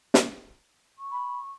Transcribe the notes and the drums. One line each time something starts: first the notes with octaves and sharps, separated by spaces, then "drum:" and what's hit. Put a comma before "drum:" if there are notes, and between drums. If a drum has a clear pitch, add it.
drum: snare
C#6
B5